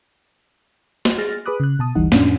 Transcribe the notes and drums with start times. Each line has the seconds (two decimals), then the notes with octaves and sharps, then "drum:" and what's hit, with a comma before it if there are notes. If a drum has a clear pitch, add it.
1.05 drum: snare
1.18 G#4 F6 A6 A#6
1.46 G#4 B4 B5 D6 D#6 F#6
1.60 C#3 F#6
1.79 B2 A5 D#6
1.95 G1 D2 E3 G3 D#4 F#5
2.12 F2 A2 C#4 D4, drum: snare